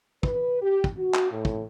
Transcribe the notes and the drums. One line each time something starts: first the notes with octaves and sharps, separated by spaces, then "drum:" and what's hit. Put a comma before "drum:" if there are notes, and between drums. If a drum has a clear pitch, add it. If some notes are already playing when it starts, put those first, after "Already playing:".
B4, drum: kick
G4
drum: kick
F#4
drum: clap
A2
drum: kick